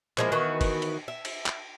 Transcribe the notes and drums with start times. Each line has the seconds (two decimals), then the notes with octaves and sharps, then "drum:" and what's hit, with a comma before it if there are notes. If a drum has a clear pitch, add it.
0.18 F3 G#3 A#3 E4, drum: clap
0.32 D#3 E3 B3 F#4
0.61 drum: kick F#1, cymbal
0.82 drum: cymbal
1.08 E5
1.25 drum: cymbal
1.46 drum: clap